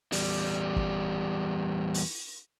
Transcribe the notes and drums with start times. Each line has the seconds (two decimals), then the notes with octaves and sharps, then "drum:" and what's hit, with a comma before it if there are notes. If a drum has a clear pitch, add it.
0.12 E2 G3, drum: open hi-hat
0.76 drum: kick
1.94 drum: open hi-hat